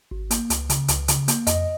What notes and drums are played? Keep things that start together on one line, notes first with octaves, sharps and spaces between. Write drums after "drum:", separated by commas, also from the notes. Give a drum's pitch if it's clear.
G#1
A#3, drum: hi-hat
C#2, drum: hi-hat
C#3, drum: hi-hat
C#2, drum: hi-hat
C#3, drum: hi-hat
A#3, drum: hi-hat
F2 D#5, drum: hi-hat